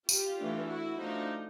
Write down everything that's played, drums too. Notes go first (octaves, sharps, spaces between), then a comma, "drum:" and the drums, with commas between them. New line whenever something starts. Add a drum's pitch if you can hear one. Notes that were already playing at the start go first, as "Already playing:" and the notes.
F4 G4, drum: tambourine
E3 A3 D4
E4 F#4
F3 A3 D4 D#4